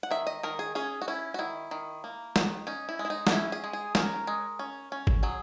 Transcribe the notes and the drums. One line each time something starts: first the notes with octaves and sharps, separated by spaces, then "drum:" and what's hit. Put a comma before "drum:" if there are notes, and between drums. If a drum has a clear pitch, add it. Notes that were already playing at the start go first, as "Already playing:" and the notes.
F#5
D#3 E5
D#5
D#3 A#4
G#4
C#4 G#4
F#4
C#4 E4
F#4
D#3 E4
D#3
A#3
D#3, drum: snare
C#4 D#4
E4
G#3
E4
D#4
F#4, drum: snare
C#4 E4
G#4
G#3
G#4
C#4 A#4, drum: snare
G#3
C#4
C#4
drum: kick G#1
F#3 G#4